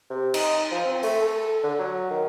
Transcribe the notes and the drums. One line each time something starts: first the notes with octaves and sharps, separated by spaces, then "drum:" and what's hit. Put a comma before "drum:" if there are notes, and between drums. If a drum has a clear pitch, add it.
C3
D#4, drum: cymbal
F3
C4
A3, drum: open hi-hat
A4
A4
D3
F#3
D#3